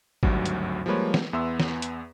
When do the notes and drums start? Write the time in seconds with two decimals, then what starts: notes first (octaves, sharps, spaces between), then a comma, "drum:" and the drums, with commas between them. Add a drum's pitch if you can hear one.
0.23 G#1 D2 G2 F#3, drum: kick
0.46 drum: hi-hat
0.86 F3 G3 G#3 A#3 B4 C#5
1.14 drum: snare
1.33 E2 B3 E5 C6 E6
1.60 drum: snare
1.82 drum: hi-hat